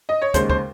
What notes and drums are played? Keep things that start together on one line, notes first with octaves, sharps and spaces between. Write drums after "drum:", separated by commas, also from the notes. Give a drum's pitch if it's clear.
D#5
C#5
D#2 C#3 G#3 C5, drum: kick, hi-hat
C5, drum: kick